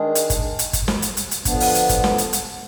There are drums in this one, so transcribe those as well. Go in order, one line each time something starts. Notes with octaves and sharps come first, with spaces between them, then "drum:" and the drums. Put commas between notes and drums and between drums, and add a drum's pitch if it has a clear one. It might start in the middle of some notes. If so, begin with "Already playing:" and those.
Already playing: D#3 G#3 D4 G#4
drum: hi-hat
drum: kick G1, hi-hat
drum: hi-hat
drum: kick G1, hi-hat
drum: snare
drum: hi-hat
drum: hi-hat
drum: hi-hat
D3 F3 B3 D4, drum: kick G1, hi-hat
drum: open hi-hat
drum: hi-hat
drum: kick G1, hi-hat
drum: snare
drum: hi-hat
drum: hi-hat